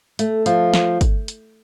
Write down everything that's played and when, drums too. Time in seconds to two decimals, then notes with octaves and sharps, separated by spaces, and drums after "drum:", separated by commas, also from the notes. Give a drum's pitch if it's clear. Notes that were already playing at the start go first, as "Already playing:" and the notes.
0.19 A3, drum: hi-hat
0.46 F3, drum: hi-hat
0.74 drum: snare
1.01 drum: kick G1, hi-hat
1.28 drum: hi-hat